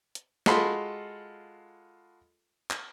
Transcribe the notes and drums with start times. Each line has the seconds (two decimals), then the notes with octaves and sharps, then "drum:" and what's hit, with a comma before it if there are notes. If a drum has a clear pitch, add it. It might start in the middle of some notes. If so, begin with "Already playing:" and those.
0.15 drum: hi-hat
0.46 G#3 F4 F#4 A4 B5 C6, drum: snare
2.71 drum: clap